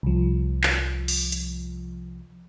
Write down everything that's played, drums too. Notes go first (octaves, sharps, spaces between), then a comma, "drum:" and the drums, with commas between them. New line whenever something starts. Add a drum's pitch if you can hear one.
C2 F3
drum: clap
drum: open hi-hat
drum: hi-hat